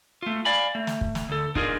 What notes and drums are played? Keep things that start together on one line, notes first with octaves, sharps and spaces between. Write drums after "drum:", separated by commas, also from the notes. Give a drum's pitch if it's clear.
A3 F4
D5 F5 G#5 B5
A3
drum: snare
drum: kick
drum: snare
D2 A4
D4 D#4 F4 G#4 A#4, drum: kick